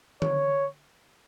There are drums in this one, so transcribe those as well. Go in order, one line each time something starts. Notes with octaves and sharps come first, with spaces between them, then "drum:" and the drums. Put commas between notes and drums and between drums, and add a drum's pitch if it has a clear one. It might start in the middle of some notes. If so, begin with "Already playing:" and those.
C#5, drum: tom D3